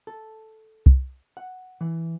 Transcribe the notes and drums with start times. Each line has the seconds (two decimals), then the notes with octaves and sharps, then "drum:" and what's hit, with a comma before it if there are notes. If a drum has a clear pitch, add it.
0.07 A4
0.86 drum: kick
1.37 F#5
1.81 E3